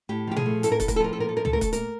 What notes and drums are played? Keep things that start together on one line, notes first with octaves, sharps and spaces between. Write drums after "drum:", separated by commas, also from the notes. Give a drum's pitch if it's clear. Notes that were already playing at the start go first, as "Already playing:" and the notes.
A2 G4
F3 G4
G#4, drum: tom
A3
A2 A4, drum: hi-hat
A#4
A2 A4, drum: kick, hi-hat
A#4, drum: kick, hi-hat
A4
F3 A#4
A4
A#2 A#4
A4
F3 A#4
A4, drum: tom C#2
A3 A#4
A4, drum: kick, hi-hat
A#2 A#4, drum: hi-hat